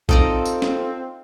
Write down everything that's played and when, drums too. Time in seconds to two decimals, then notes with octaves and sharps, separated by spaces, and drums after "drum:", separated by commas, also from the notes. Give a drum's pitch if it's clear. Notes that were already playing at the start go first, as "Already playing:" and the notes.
0.09 C4 D#4 F4 A4 D5 A#5, drum: kick A#1
0.45 drum: tambourine
0.62 drum: snare